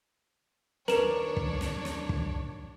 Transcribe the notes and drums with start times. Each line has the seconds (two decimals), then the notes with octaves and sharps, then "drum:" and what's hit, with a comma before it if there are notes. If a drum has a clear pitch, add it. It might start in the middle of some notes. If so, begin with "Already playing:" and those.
0.88 D#2 D4 A#4 B4 C#5 E7, drum: snare
1.37 drum: kick
1.61 drum: snare
1.85 drum: snare
2.09 drum: kick